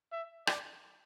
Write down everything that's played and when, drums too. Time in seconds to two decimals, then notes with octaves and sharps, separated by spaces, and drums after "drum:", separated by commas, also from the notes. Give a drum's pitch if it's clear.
0.11 E5
0.47 D5, drum: rim click